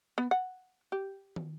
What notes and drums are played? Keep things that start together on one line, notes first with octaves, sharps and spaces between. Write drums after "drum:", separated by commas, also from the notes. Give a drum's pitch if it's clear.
B3
F#5
G4
drum: tom